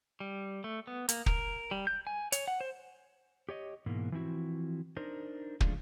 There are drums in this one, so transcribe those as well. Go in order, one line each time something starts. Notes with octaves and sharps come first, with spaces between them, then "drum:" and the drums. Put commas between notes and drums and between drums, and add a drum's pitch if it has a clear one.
G3
A3
B3
A#3, drum: hi-hat
A#4, drum: kick
G3
G6
G#5
C#5, drum: hi-hat
F#5
C5
G4 C#5 D#5
G#2 B2 E3 A#3
E3 F3 C4 E4 F#4
D4 D#4 A#4 C5
C#3 F3 G#3 A3 D4 F4, drum: kick